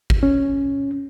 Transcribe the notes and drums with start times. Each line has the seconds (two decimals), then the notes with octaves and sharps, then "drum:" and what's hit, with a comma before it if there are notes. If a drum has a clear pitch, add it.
0.10 drum: kick G#1
0.23 C#4